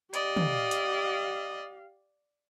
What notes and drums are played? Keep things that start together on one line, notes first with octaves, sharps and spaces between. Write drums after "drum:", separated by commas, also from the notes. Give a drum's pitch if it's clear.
G4 D5 D#5 F5, drum: hi-hat
drum: tom
drum: hi-hat